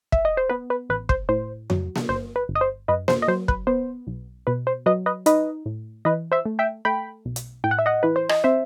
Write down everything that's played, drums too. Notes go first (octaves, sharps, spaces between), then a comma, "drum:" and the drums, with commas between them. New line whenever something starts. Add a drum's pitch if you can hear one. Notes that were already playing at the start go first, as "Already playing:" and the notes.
E5, drum: kick
D#5
C5
B3 B4
B4
A1 B4
C5, drum: kick
A2 C5
F#3, drum: tom F2
drum: snare A#3
G1 C5
B4
G1
D#5
C5
F#2 B4 D#5
C5, drum: snare A#3
D#5
F#3 C5
B4, drum: kick
B3 C5
B1
B2 B4
C5
F#3 B4 D#5
B4 D#5
D#4 B4 D#5, drum: hi-hat
A2
E3 B4 D#5
C5 E5
A3
E5 G5
A3 G5 B5
B1
drum: hi-hat
A2 G5
F#5
E5
D#5 F#5
E3 B4
C5
D#5, drum: rim click
C4 C5 E5